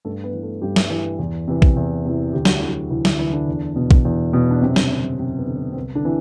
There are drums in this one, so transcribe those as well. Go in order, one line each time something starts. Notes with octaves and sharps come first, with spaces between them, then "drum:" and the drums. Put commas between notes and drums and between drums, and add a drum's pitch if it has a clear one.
G2 A3 A4
B3 B4
E3
A3 A4
G2 G3 G4
drum: snare
E3
E2
C3 E3
drum: kick A#1
E2
C3 E3
D2 G4
F#4, drum: snare
D3 E4
F#3 F#4
D2 E3 E4
D3 D4, drum: snare
D3 E3 E4
D3 D4
E2
B2
drum: kick A#1
E2
B2
D4
F#2 C3 C4
drum: snare
D3
B3
F#2 C3 C4
B3
D3
B3
C4
C2 B3
D3 D4
C3 E3